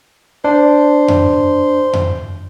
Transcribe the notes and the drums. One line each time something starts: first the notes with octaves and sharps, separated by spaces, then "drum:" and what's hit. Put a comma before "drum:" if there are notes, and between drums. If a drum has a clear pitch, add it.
D4 C5
drum: tom F2
drum: tom F2